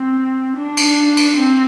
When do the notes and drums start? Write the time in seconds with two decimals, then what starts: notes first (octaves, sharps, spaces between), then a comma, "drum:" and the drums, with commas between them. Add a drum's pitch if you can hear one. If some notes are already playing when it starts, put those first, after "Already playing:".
Already playing: C4
0.56 D4
0.77 drum: cymbal
1.17 drum: cymbal
1.37 C4